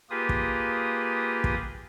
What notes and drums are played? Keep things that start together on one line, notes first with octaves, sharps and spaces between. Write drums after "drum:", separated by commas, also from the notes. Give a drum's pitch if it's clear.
A#3 F4 G4 G#4 B4 D#6
drum: kick
drum: kick